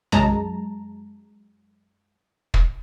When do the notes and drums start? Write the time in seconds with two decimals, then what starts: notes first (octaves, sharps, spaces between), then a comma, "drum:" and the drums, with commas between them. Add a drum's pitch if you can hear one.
0.12 F#2 G#3 A5 A#5, drum: tom B1
2.54 drum: kick